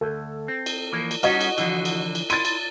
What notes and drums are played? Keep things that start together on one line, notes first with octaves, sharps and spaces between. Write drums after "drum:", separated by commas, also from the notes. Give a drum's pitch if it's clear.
D2 A4
C4
drum: cymbal
E3 F3 A#3
drum: cymbal
G3 C#4 D#4 F#4 D#5, drum: cymbal
drum: cymbal
D3 E3 F3, drum: cymbal
drum: cymbal
drum: cymbal
E4 C6 A6 D#7, drum: cymbal
drum: cymbal